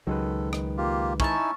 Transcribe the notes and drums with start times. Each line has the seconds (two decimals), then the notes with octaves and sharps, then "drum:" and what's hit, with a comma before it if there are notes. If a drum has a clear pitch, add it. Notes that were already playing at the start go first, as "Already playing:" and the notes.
0.07 C#2 D#3 F#3 G#3 A4 B4
0.53 drum: rim click
0.78 A#3 F4 G4
1.20 C#4 D#4 E4 E5 G#5 A5, drum: kick